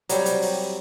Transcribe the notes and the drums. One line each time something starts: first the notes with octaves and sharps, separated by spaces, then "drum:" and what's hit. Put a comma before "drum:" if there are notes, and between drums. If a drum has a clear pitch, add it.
F#3 G3 C4, drum: hi-hat
drum: hi-hat
drum: open hi-hat